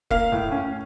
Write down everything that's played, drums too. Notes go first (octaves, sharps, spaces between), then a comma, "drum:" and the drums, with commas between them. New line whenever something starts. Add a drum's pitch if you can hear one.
A#3 F5, drum: kick E1
A2
C#4